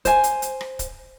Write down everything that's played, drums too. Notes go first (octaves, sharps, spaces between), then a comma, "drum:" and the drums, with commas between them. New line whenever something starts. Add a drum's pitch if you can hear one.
C5 G#5, drum: kick C#1, hi-hat
drum: hi-hat
drum: hi-hat
drum: rim click
drum: kick C#1, hi-hat